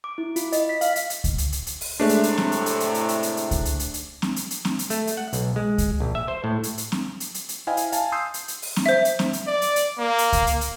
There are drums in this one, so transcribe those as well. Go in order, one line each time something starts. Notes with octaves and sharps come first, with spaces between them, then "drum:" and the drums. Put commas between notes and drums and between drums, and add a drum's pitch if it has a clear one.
D6
E4
F4, drum: hi-hat
D#5, drum: hi-hat
B6
F5, drum: hi-hat
drum: hi-hat
drum: hi-hat
drum: kick C#2, hi-hat
drum: hi-hat
drum: hi-hat
drum: hi-hat
drum: open hi-hat
A2 C3 G#3 A3 D4
drum: hi-hat
drum: hi-hat
drum: snare C4
drum: hi-hat
drum: hi-hat
drum: hi-hat
drum: hi-hat
drum: hi-hat
drum: hi-hat
drum: hi-hat
drum: kick C#2, hi-hat
drum: hi-hat
drum: hi-hat
drum: hi-hat
drum: snare C4
drum: hi-hat
drum: hi-hat
drum: snare C4
drum: hi-hat
A3, drum: hi-hat
drum: hi-hat
F#5
B1, drum: hi-hat
G#3
drum: kick C#2, hi-hat
A#1
E5
C5
A2
drum: hi-hat
drum: hi-hat
drum: snare C4
drum: hi-hat
drum: hi-hat
drum: hi-hat
E4 C5 D#5 F5 G5 G#5
drum: hi-hat
F5 G#5 A5, drum: hi-hat
C6 D#6 E6 G6 C7
drum: hi-hat
drum: hi-hat
drum: open hi-hat
drum: snare C4
C5 E5
drum: hi-hat
drum: snare C4
drum: hi-hat
D5
drum: hi-hat
drum: hi-hat
A#3
drum: hi-hat
drum: kick C#2, hi-hat
drum: hi-hat
drum: hi-hat